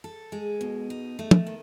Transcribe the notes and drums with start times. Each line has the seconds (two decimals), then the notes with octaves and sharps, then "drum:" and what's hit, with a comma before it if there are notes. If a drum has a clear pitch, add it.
0.04 A4
0.32 G#3
0.61 B2
0.90 D#4
1.19 A3
1.31 drum: tom
1.47 D#3